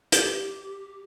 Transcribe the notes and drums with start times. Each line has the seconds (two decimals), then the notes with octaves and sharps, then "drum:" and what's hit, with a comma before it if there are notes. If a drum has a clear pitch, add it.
0.12 G4, drum: hi-hat